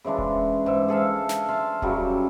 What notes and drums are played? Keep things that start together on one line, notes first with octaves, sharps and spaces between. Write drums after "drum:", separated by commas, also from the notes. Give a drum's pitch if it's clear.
C#3 E3 G#3 D4
drum: kick D#1
G#2 E5
G#4 A4 E5 F5
drum: snare
F4 E5 F5
F#2 C#3 F#3 G3, drum: kick D#1